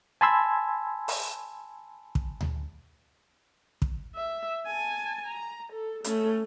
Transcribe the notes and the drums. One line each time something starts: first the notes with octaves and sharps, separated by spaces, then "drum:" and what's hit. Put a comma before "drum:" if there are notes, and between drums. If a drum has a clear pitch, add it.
G#5 A5 B5 C6 E6 G#6
drum: open hi-hat
drum: kick
drum: tom D2
drum: kick
E5
G#5 A5
A#5
A4
A3 C#4, drum: hi-hat